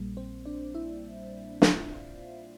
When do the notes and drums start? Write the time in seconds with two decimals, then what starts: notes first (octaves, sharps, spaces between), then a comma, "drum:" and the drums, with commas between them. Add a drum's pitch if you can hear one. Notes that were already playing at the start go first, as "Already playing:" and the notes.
Already playing: A#1 A#2 G3 A#3
0.17 C4 C5
0.45 D4 D5
0.75 E4 E5
1.62 F4 F5, drum: snare